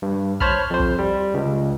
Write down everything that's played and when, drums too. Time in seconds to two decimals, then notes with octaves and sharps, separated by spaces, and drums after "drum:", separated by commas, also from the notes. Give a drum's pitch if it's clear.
0.02 G2
0.40 C5 C#5 A5 B5 F6, drum: kick
0.70 F2 C5
0.79 drum: kick
0.99 G3
1.34 C#2